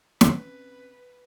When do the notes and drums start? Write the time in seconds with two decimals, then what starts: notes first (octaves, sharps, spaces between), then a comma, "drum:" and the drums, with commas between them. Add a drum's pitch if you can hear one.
0.21 C3 C#4 B4 A5, drum: snare